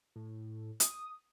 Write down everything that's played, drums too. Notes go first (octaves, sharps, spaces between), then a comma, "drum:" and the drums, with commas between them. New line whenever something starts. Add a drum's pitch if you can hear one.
A2
D#6, drum: hi-hat